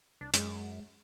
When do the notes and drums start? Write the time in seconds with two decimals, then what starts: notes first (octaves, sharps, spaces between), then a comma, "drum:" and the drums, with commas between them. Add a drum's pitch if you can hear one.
0.21 C2 D4
0.34 F#2 G#3, drum: hi-hat